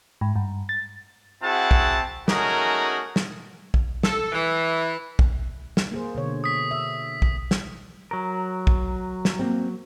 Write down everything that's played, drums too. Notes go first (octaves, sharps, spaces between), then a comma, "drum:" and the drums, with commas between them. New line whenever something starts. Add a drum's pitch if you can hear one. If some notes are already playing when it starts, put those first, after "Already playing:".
G#2
G2
A6
C4 E4 F#4 G#4 F#5 A5
drum: kick
A3 C#4 D#4 F#4 G#4 A#4, drum: snare
drum: snare
drum: kick
A4, drum: snare
E3
drum: kick
drum: snare
A#3 G#4 C5
B2 D3 C#5
D#6 B6
E5
drum: kick
drum: snare
F#3 A#4
drum: kick
drum: snare
A#3 C4